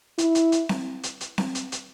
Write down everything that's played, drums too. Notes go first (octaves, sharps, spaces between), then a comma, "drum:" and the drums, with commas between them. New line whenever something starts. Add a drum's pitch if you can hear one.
E4, drum: hi-hat
drum: hi-hat
drum: hi-hat
drum: snare C4
drum: hi-hat
drum: hi-hat
drum: snare C4
drum: hi-hat
drum: hi-hat